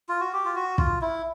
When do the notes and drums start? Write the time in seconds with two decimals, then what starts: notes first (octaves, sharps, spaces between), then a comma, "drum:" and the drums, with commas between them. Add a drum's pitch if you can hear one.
0.09 F4
0.21 F#4
0.33 G4
0.45 F4
0.56 F#4
0.78 F4, drum: kick
1.01 E4